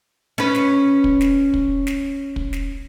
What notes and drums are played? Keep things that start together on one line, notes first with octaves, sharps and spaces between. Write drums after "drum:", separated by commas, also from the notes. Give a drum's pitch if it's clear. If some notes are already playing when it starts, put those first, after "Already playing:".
C#4 B4
drum: snare
drum: kick
drum: snare
drum: kick
drum: snare
drum: kick
drum: snare